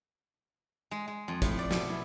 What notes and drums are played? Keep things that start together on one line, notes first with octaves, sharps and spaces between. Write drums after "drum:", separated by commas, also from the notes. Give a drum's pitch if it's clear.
G#3
G#3
F2
A2, drum: kick, hi-hat
D5
B2, drum: snare
E4